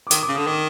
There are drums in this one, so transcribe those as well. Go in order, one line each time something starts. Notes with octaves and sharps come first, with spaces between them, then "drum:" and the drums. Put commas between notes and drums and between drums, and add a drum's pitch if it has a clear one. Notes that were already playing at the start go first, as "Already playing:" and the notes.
D6
D#3 D#6, drum: hi-hat
D6
C#3
D3 D#6
D#3 D6